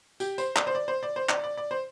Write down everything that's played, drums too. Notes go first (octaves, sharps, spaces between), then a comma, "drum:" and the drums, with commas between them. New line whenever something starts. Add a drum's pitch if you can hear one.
G4, drum: tambourine
C5, drum: tambourine
D5, drum: clap
C5
D5
C5
D5
C5
D5, drum: clap
D5
D5
C5